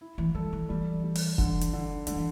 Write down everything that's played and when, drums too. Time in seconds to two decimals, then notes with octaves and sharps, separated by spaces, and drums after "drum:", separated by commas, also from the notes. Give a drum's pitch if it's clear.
0.01 E4
0.18 E3
0.35 G3 A4
0.53 E3
0.69 E3 G3
1.03 G3
1.15 drum: open hi-hat
1.38 D3, drum: kick F1
1.61 drum: hi-hat
1.73 D3
2.07 D3 G3, drum: hi-hat
2.16 E3